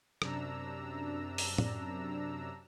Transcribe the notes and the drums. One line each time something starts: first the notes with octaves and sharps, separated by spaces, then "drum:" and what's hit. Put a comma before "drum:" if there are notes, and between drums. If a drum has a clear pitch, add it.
F#2 C3 D4 A#5 E6, drum: rim click
drum: open hi-hat
drum: tom A2